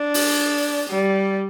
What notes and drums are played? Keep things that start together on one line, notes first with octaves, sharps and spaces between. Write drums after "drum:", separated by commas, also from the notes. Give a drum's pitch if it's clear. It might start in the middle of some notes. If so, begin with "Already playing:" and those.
Already playing: D4
drum: open hi-hat
G3